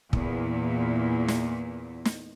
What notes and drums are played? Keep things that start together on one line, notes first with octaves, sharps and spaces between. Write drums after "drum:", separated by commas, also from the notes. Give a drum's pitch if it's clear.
E2 A#2, drum: kick
drum: snare
drum: snare